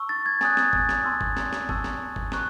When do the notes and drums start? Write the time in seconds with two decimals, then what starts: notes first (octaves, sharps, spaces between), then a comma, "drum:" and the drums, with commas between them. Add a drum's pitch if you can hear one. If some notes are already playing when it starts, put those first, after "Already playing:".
Already playing: A5 C#6 E6
0.09 A6
0.26 G#6
0.41 G#5 D#6 F#6 A6, drum: snare
0.57 drum: snare
0.73 drum: kick
0.89 drum: snare
1.04 A5 C6 E6
1.21 drum: kick
1.37 drum: snare
1.52 drum: snare
1.69 A5 C#6 E6, drum: kick
1.84 drum: snare
2.16 drum: kick
2.32 A5 C#6 F#6, drum: snare